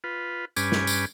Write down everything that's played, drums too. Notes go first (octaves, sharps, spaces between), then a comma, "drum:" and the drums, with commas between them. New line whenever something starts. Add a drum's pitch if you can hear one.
F4 B4
G2 C#4 B4 G#5 D6, drum: tambourine
drum: snare
drum: tambourine